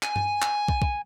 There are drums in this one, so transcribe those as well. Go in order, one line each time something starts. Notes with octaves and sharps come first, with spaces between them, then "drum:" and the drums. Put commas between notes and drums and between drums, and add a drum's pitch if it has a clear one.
G#5, drum: clap
drum: tom G2
drum: clap
drum: kick
drum: kick